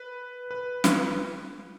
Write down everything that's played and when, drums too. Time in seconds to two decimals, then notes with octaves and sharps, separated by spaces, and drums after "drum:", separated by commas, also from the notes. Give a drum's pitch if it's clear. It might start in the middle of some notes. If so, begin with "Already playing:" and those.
Already playing: B4
0.51 B4
0.84 drum: snare